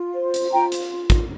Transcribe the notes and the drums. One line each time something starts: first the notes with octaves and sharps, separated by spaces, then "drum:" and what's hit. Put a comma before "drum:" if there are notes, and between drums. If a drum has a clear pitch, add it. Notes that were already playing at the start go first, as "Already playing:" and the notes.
Already playing: F4
C5
drum: hi-hat
F4 G5 A#5
drum: hi-hat
drum: kick, hi-hat